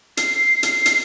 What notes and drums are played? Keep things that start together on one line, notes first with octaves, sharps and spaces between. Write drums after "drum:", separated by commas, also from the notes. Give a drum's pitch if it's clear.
C7, drum: hi-hat
drum: hi-hat
drum: hi-hat